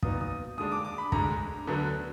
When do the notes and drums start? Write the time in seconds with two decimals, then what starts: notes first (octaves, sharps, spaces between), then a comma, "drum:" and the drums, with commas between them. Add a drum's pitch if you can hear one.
0.03 A#2 F#3 B3 D#4 D#6, drum: kick
0.21 D#6
0.57 D#2 D3 G#3 D4 D#6
0.72 D6
0.85 D6
0.98 B5
1.12 D2 D3 G#3 A#5, drum: kick
1.67 D2 D3 F#3 B3